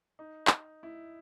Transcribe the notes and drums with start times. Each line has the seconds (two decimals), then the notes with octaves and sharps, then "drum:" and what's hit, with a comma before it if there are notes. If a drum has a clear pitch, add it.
0.19 D#4
0.47 drum: clap
0.83 E4